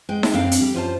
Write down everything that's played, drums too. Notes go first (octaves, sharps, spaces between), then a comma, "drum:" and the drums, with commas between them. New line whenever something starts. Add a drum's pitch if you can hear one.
G#3 G5
drum: snare D#4
F#2 C4 D4 A4 F5
drum: hi-hat
G3
F#2 F4 C5 A5